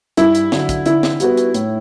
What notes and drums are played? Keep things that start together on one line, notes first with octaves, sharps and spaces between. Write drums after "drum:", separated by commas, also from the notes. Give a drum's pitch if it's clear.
G2 E4, drum: hi-hat
drum: hi-hat
D3 F#3, drum: snare
drum: kick, hi-hat
D3 E4, drum: hi-hat
drum: snare
G3 B3 F#4 B4, drum: hi-hat
drum: hi-hat
A2, drum: hi-hat